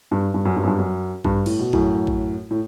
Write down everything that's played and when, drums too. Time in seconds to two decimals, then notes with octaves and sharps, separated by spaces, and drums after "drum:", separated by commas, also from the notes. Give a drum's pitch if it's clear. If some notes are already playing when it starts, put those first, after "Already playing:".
0.11 G2
0.34 G2
0.45 F#2
0.56 G2
0.63 F#2
0.67 G2
0.78 F#2
1.25 G2, drum: kick A1
1.46 A2, drum: cymbal
1.59 B2
1.73 F#2 A2, drum: kick A1
2.07 drum: kick A1
2.51 A2